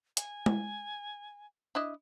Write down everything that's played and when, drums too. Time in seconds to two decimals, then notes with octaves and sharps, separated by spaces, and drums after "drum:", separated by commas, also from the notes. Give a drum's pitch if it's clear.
0.17 G#5, drum: hi-hat
0.46 drum: tom G#3
1.75 D4 E4 D#5